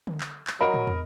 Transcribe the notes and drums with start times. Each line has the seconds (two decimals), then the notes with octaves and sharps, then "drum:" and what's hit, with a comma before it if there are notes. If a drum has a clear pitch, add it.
0.07 drum: tom D3
0.21 drum: clap
0.47 drum: clap
0.61 F#3 A#4 D#5 B5
0.74 drum: tom
0.87 drum: tom